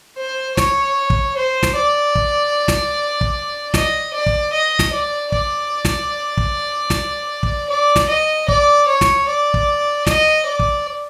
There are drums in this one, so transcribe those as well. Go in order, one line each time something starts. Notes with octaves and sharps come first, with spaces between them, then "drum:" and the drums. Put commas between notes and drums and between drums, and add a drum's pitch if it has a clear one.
C5
C#5, drum: snare
drum: kick
C5
drum: snare
D5
drum: kick
drum: snare
drum: kick
D#5, drum: snare
D5
drum: kick
D#5
drum: snare
D5
D5, drum: kick
drum: snare
drum: kick
drum: snare
drum: kick
D5
drum: snare
D#5
D5, drum: kick
C#5
drum: snare
D5
drum: kick
D#5, drum: snare
D5
drum: kick